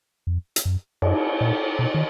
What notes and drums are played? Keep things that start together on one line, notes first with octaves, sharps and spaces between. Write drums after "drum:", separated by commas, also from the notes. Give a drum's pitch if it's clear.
F2
drum: hi-hat
F#2
F#2, drum: cymbal
A#2
B2
D#3